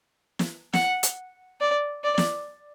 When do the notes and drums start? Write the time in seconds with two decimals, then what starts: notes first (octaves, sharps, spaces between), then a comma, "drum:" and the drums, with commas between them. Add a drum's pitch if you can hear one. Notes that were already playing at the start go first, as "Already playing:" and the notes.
0.39 drum: snare
0.73 F#5, drum: snare
1.03 drum: hi-hat
1.60 D5
2.04 D5
2.18 drum: snare